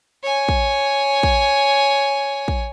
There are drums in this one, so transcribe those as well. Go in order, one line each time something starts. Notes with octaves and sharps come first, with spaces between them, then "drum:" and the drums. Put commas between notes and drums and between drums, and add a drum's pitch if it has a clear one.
C#5 G#5
drum: kick
drum: kick
drum: kick